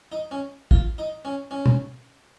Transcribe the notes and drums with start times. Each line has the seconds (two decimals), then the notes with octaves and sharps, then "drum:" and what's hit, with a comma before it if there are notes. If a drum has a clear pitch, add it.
0.12 D#4
0.31 C#4
0.71 F4, drum: kick
0.98 D#4
1.25 C#4
1.51 C#4
1.66 drum: tom